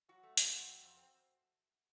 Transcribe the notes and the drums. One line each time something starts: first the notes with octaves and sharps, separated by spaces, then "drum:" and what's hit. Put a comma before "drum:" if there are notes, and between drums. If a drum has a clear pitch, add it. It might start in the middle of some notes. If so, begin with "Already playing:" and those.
F#3 F#4
A3
F2, drum: hi-hat
F2
C4
F2
C4